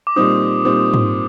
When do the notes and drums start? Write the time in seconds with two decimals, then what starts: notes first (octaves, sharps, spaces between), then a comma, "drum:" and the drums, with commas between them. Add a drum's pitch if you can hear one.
0.07 D6
0.16 A#2 G3 C4 D#4 D#6
0.65 A#2 G3 C4 D#4
0.94 drum: tom G#2